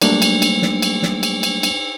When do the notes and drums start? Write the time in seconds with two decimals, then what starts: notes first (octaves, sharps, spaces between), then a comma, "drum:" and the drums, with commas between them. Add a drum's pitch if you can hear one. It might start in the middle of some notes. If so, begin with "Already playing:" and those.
0.02 F#3 G3 A3 A#3 D4, drum: cymbal
0.22 drum: cymbal
0.42 drum: cymbal
0.62 drum: snare
0.82 drum: cymbal
1.03 drum: snare
1.23 drum: cymbal
1.43 drum: cymbal
1.63 drum: cymbal